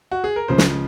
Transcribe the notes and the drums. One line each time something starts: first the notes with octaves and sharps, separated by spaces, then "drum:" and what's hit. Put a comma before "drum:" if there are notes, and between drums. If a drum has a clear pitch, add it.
F#4
G#4
A#4
C#2 C#3 F3 C5
drum: snare